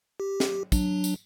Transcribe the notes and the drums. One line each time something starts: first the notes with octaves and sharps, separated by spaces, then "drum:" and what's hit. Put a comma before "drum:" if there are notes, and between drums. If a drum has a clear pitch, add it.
G4
drum: snare
F#3 D4, drum: kick, tambourine
drum: tambourine